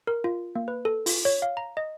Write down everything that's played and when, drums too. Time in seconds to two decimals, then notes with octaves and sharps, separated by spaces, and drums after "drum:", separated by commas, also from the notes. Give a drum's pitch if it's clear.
0.07 A#4
0.24 F4
0.55 A#3
0.68 B4
0.85 A4
1.06 F4, drum: open hi-hat
1.25 C#5
1.42 F5
1.57 A#5
1.77 D#5